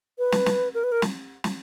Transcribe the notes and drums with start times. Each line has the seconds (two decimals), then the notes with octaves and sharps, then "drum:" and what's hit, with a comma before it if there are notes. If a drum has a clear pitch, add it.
0.18 B4
0.32 drum: snare
0.46 drum: snare
0.74 A#4
0.84 B4
0.92 A#4
1.02 drum: snare
1.44 drum: snare